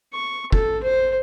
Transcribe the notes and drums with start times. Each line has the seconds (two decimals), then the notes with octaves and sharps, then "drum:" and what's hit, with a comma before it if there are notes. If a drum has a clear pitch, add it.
0.13 C#6
0.52 A4, drum: kick
0.83 C5